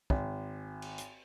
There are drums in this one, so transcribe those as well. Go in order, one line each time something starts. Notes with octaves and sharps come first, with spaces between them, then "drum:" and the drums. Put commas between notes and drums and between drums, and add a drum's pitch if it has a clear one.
G#1, drum: kick
drum: cymbal
drum: hi-hat